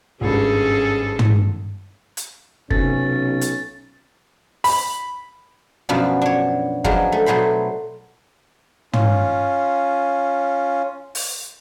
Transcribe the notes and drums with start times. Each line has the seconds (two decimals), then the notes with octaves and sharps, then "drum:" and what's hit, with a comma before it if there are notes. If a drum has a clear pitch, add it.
0.21 G#1 G2 C#4 G#4 A4
1.19 drum: tom
2.17 drum: hi-hat
2.70 B1 C3 C4 C#4 A4 A6, drum: kick
3.41 drum: hi-hat
4.64 B5, drum: open hi-hat
5.89 F#2 B2 F3 B3 D4 F#4
6.22 D4 C#5
6.84 F3 F#3 G#3 B3 D4 F#4, drum: kick
7.12 A3
7.26 B2 F#3 A3 C5 B5
8.93 C#4 F4, drum: tom
11.15 drum: open hi-hat